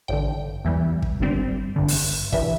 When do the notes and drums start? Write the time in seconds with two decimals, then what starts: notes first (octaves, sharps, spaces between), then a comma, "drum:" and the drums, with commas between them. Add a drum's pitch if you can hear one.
0.08 A1 G2 D3 G5
0.65 E2 E3 G3
1.02 drum: kick
1.20 G1 G2 G3 C4
1.76 G1 G2 D3
1.88 drum: open hi-hat
2.32 G1 G2 E3 E5, drum: kick